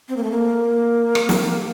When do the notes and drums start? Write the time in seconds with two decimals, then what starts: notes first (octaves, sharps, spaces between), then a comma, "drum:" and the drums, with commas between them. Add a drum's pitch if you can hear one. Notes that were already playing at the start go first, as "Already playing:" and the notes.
0.09 C4
0.17 A#3
0.23 A3
0.31 A#3
1.15 drum: rim click
1.29 drum: snare